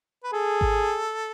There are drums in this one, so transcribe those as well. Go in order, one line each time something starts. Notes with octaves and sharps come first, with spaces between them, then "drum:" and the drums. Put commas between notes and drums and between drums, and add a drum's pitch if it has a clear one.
B4
G#4 A4
drum: kick G#1